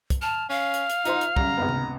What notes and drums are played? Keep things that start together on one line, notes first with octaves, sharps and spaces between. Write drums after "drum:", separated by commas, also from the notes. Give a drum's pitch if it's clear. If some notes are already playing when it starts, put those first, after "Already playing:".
drum: kick, hi-hat
A5 F6
C#4 F5 F6
drum: hi-hat
drum: hi-hat
D#4 F4 C5 C6, drum: hi-hat
drum: hi-hat
F#2 C#3 G3 A#5, drum: kick
G#1 C#2 B3
drum: tom C3